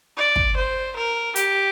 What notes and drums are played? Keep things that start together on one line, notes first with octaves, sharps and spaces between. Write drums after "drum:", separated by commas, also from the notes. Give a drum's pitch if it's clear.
D5
drum: kick
C5
A#4
G4, drum: hi-hat